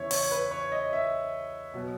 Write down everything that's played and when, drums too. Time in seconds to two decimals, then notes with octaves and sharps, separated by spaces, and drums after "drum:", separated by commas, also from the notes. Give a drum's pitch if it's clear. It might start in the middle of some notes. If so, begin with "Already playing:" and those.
Already playing: E2 C#3 E3 C#5 E5
0.11 C#5, drum: open hi-hat
0.31 B4
0.51 C#5
0.72 D#5
0.93 E5
1.74 B2 F#3 B3